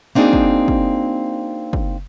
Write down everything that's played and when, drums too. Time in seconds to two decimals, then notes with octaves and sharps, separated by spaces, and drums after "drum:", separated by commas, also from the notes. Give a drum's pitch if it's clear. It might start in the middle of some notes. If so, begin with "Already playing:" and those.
0.15 A#3 C4 D4 D#4 F#4 G#4
0.33 drum: kick
0.68 drum: kick
1.73 drum: kick